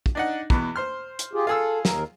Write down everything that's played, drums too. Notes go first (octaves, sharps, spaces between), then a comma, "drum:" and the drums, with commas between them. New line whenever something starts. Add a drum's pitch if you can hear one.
drum: kick
D4 D#4 F#5
E2 B2, drum: kick
C5 C6 F6
drum: hi-hat
F4 G4 G#4
F4 G#4 A4 E6
D#2 A#4, drum: snare